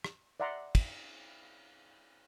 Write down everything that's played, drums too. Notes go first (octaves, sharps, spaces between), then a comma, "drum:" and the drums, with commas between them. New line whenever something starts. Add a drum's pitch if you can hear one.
drum: rim click
D5 E5 F#5 A#5 C6
drum: kick, cymbal